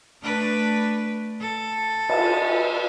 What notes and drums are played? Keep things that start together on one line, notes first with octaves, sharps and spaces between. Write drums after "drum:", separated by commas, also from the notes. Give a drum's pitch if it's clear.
A3 D4 B4
A4
drum: cymbal